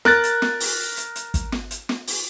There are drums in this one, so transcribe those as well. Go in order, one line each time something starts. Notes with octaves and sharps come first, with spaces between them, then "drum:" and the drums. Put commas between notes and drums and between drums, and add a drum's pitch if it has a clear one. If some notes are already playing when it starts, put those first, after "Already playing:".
A#4 F#6 A6, drum: snare
drum: hi-hat
drum: snare
drum: open hi-hat
drum: hi-hat
drum: hi-hat
drum: kick, hi-hat
drum: snare
drum: hi-hat
drum: snare
drum: open hi-hat